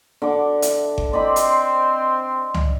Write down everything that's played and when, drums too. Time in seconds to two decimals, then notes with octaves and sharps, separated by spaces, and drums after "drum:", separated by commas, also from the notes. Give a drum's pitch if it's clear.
0.22 D3 F#5 D6
0.62 E5, drum: hi-hat
0.98 drum: kick G1
1.13 C4 D5 D#5 B5 C6
1.36 drum: hi-hat
2.54 drum: tom C#2